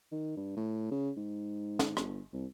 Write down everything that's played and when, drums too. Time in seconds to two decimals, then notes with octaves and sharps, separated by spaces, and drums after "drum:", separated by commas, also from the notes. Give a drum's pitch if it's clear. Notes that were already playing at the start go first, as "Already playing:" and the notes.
0.12 D#3
0.36 G2
0.57 A2
0.91 C#3
1.17 G#2
1.79 drum: snare
1.97 G1, drum: rim click
2.33 C2